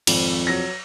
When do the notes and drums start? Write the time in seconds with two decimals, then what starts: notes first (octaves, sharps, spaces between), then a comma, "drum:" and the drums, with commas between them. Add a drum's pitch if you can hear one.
0.07 G#1 F2, drum: cymbal
0.47 F#3 A#6